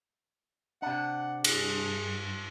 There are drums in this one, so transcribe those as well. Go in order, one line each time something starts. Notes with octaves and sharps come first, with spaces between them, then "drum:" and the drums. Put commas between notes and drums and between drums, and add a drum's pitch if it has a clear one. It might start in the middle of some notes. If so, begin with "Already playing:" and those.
C3 D4 F#5
G2 G#4, drum: cymbal